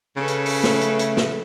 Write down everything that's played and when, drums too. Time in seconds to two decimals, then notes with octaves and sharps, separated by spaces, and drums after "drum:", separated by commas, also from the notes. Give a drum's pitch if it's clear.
0.17 C#3 C#4 A4 B4
0.28 drum: hi-hat
0.46 drum: open hi-hat
0.63 A3, drum: snare
0.81 drum: hi-hat
0.99 drum: hi-hat
1.17 drum: snare